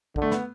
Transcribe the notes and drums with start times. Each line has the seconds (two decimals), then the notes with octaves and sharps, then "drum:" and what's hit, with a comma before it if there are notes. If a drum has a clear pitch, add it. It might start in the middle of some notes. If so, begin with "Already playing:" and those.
0.16 D3, drum: kick
0.22 A3
0.31 B3, drum: snare